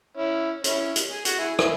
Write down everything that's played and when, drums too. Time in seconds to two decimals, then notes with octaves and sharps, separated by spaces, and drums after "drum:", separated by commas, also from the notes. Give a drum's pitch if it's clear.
0.17 C#4 E4
0.64 C#4 E4, drum: hi-hat
0.96 drum: hi-hat
1.12 G#4
1.25 F#4, drum: hi-hat
1.38 E4 G#4
1.59 E4 G#4, drum: rim click